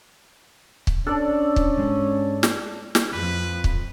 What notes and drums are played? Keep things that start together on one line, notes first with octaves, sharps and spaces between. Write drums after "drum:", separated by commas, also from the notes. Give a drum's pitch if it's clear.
drum: kick
C#4 D4 A4 D5
drum: kick
G#2 G#3
drum: snare
drum: snare
F2 B4
drum: kick